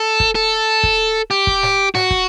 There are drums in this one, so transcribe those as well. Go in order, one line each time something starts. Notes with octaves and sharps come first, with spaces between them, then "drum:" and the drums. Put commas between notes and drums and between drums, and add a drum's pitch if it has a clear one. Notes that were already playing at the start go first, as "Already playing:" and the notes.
Already playing: A4
drum: kick
A4
drum: kick
G4
drum: kick
drum: snare
F#4, drum: snare
drum: kick